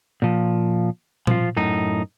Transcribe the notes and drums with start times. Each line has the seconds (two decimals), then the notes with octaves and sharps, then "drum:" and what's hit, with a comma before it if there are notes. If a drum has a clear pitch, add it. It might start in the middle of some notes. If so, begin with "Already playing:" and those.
0.22 A#2 F3
1.27 F3 F4, drum: tom A#2
1.56 F#2 A2 D#4